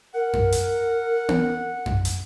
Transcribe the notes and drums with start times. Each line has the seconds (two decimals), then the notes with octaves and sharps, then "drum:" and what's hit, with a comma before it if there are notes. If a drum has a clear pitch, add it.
0.14 A#4 F#5
0.33 drum: tom F#2
0.52 drum: hi-hat
1.29 drum: tom B3
1.86 drum: tom F#2
2.05 drum: hi-hat